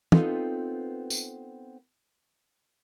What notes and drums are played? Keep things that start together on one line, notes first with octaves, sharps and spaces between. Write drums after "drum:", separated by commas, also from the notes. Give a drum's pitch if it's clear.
B3 C4 D#4 F4 A4 B4, drum: tom
drum: tambourine